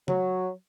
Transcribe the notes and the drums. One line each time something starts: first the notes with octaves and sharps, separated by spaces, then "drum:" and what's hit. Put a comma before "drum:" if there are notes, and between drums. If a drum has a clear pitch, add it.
F#3, drum: tom C#3